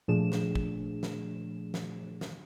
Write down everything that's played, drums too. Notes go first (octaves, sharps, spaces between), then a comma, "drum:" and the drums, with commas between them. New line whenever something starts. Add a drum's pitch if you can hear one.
A#2 F3 A3 D4 G#4 E7
drum: snare
drum: kick
drum: snare
drum: snare
drum: snare